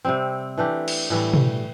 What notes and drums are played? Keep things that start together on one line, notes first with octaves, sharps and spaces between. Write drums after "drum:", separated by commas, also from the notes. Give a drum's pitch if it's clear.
C3 G3 C4
E3 A3 D4 G4
drum: cymbal
A2 E3 G3
drum: tom B2